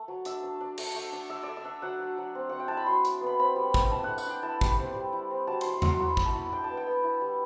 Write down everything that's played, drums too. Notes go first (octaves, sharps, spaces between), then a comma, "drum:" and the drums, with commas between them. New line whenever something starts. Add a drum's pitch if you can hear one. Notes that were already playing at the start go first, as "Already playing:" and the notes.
Already playing: A3
F#3
D4 E5, drum: hi-hat
D4
D4
A3, drum: cymbal
A3
D4
D4 E5
D5
A3
E5
D4
F#3 F#5
F#3
F#3
C4
C4 F#5
G5
E4 A5
B5
F#3 C6
D4, drum: hi-hat
B3
B5
C4 B5
G3
G3, drum: kick
D4 A5
A3 F#5
F#5, drum: tambourine
D4 G5
E4 A5
G3, drum: kick
C4
G3
E4
C4
F#3 A5
F#3 C6, drum: cymbal
C6
F#3, drum: tom E2
C6
F#3 B5
F#3, drum: kick
A5
E4
D4 G5
A5
B3
G5
B3
E4
G3